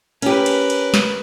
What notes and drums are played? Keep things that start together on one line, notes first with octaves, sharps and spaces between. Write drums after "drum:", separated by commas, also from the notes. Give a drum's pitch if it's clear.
C#4 G4 A#4 B4, drum: cymbal
drum: cymbal
drum: cymbal
drum: snare